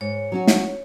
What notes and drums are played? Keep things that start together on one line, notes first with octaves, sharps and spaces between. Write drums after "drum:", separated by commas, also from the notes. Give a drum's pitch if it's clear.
G#2 C#5
F#3 C#4 F#4
drum: snare